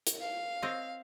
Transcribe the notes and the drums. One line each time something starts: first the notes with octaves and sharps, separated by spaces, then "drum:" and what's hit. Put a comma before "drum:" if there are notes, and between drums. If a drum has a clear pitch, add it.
drum: hi-hat
F5
C4 C#5 D#5